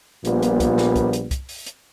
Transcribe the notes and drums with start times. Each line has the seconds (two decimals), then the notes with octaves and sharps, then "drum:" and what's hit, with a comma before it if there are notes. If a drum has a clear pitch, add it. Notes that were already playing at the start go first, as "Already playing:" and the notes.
0.25 A#1 A#2 G3 B3, drum: hi-hat
0.42 drum: hi-hat
0.60 drum: kick, hi-hat
0.78 drum: snare
0.96 drum: kick, hi-hat
1.13 drum: hi-hat
1.31 drum: kick, hi-hat
1.49 drum: open hi-hat
1.66 drum: hi-hat